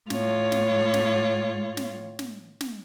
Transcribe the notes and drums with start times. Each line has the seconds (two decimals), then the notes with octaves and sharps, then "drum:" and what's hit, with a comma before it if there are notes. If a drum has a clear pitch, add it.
0.10 A2 F4 C#5, drum: snare
0.52 drum: snare
0.94 drum: snare
1.77 drum: snare
2.19 drum: snare
2.61 drum: snare